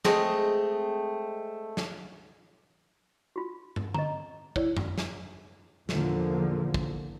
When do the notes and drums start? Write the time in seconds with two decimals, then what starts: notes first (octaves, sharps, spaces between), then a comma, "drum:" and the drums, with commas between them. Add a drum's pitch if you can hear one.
0.05 G#3 A3 C4 D#5, drum: snare
1.77 drum: snare
3.36 F4 F#4
3.76 drum: tom
3.94 D#5 A#5, drum: tom D3
4.56 E4 C#5 D5, drum: kick
4.77 drum: tom F#2
4.98 drum: snare
5.89 E2 A#2 D3 F3 A#3, drum: snare
6.74 drum: kick